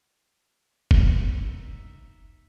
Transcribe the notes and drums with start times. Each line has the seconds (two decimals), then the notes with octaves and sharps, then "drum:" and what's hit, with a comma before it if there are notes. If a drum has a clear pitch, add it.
0.91 drum: kick
1.07 D#4 E5